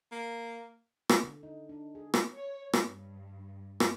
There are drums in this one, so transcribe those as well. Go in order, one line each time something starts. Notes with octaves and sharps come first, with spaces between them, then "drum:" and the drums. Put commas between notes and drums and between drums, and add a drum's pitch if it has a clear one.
A#3
drum: rim click
D3
D#4
D4
G#4
drum: rim click
C#5
G2, drum: rim click
drum: rim click